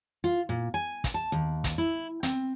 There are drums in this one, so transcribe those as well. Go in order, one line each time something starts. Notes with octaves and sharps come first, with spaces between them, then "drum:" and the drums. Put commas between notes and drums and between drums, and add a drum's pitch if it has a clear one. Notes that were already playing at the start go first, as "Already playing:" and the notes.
F4
A#2
G#5
drum: kick, hi-hat
A5
D#2
drum: kick, hi-hat
E4
C4, drum: hi-hat